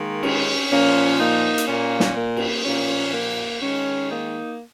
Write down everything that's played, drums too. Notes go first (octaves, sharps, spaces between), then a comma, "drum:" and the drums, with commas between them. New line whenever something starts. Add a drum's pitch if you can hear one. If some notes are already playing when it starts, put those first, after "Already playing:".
Already playing: D#3 G#3 A#3
C#4, drum: cymbal
A#2 F3 A#3 C#4
A#3 D#4
drum: hi-hat
A#2 A#3 C#4
drum: snare
A#3
drum: cymbal
A#2 F3 A#3 C#4
A#3
D#3 G#3 C#4
A#3 D#4